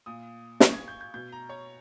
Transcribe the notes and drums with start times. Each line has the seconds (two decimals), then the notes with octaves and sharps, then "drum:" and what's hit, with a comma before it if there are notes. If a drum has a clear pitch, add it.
0.06 A#2 D#6
0.60 C#6, drum: snare
0.74 G#6
0.88 G6
1.01 G6
1.14 B2 G6
1.32 A#5
1.49 C#5